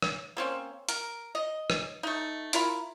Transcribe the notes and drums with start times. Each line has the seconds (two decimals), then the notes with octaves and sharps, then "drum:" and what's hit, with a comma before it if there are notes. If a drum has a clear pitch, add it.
0.02 drum: rim click
0.37 A#3 C4 C#4
0.89 A#4, drum: hi-hat
1.35 D#5
1.70 drum: rim click
2.03 A3 D#4
2.53 E4 F4 A#4 B5, drum: hi-hat